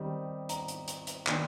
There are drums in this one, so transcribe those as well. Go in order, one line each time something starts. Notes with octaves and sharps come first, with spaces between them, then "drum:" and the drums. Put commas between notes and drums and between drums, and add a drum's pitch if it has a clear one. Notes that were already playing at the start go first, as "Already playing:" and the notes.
Already playing: D#3 G3 C4 D#4
A#5, drum: hi-hat
drum: hi-hat
drum: hi-hat
drum: hi-hat
D#3 A#3 D4, drum: clap